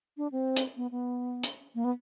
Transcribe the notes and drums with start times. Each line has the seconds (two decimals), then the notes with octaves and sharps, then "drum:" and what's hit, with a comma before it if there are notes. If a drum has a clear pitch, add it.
0.17 D4
0.32 C4
0.56 drum: hi-hat
0.77 B3
0.91 B3
1.43 drum: hi-hat
1.75 A#3
1.84 B3